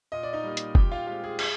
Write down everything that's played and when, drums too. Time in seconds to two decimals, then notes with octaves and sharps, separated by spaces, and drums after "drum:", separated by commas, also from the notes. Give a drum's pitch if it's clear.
0.12 A#2 D#5
0.23 D5
0.33 D#4 D#5
0.43 G3 A#3
0.57 drum: hi-hat
0.75 A#2 G4 G5, drum: kick F1
0.92 F4 F5
1.07 G#3 C4 G4
1.24 G#4
1.39 G#4, drum: cymbal